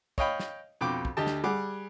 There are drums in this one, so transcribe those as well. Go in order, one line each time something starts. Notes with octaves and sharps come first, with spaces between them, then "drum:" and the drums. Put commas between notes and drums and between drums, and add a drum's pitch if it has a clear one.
C#5 D#5 F5 G5 B5, drum: kick
drum: snare
F2 B2 G5 D6
drum: kick
D2 G4 D#5 A5
drum: snare
G3 G#4 F#5 D6